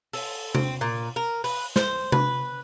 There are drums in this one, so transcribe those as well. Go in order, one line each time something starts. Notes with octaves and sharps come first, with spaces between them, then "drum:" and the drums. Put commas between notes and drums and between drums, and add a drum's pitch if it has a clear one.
A4, drum: open hi-hat
C4, drum: tom C3
A#2
A#4
B4, drum: open hi-hat
C5, drum: snare
B4, drum: tom C3